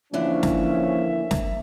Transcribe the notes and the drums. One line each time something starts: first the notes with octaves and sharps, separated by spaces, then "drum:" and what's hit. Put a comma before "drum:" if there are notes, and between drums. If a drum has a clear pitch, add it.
D3 E3 F3 A#3 C#4 D4 E5
drum: snare
drum: snare